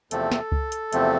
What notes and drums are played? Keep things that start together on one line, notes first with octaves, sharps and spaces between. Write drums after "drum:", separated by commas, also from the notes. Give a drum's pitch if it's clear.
E2 C3 F3 A3 C4 A4, drum: hi-hat
drum: snare
drum: kick C#2
drum: hi-hat
E2 C3 F3 A3 C4, drum: hi-hat